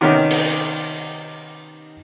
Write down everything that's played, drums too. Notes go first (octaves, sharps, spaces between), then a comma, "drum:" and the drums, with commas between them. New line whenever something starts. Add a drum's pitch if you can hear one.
C3 D#3 B3 C#4 D#4 G4
drum: open hi-hat